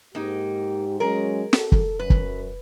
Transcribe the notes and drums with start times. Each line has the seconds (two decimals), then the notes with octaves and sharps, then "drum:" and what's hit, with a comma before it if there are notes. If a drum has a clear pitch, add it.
0.15 G#2 A#3 D#4 G4
1.00 F#3 G#3 C#4 G#4 A#4
1.53 A4, drum: snare
1.72 drum: kick
1.99 F#2 B4
2.10 drum: kick